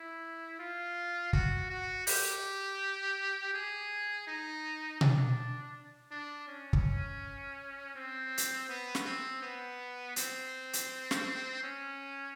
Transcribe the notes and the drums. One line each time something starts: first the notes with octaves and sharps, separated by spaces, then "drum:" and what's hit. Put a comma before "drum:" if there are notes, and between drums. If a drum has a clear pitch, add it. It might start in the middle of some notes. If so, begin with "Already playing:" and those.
Already playing: E4
F4
F#4, drum: kick
F#4
G4, drum: open hi-hat
G#4
D#4
D4, drum: tom B2
D4
C#4
drum: kick
C4
drum: hi-hat
B3
drum: snare
C4
B3
C4, drum: hi-hat
drum: hi-hat
drum: snare
C#4